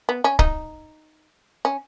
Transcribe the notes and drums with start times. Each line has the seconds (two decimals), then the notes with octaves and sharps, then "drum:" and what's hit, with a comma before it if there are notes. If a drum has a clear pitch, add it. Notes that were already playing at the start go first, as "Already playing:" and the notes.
0.09 B3
0.24 C#4
0.39 D#4, drum: kick
1.65 C#4